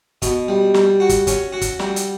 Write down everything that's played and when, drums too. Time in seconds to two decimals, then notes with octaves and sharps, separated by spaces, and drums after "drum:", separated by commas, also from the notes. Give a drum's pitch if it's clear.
0.22 B2, drum: kick, hi-hat
0.48 G3
0.74 G3, drum: snare
1.00 F#4
1.09 drum: kick, hi-hat
1.27 C#4, drum: kick, hi-hat
1.52 F#4
1.61 drum: kick, hi-hat
1.79 G3, drum: snare
1.96 drum: hi-hat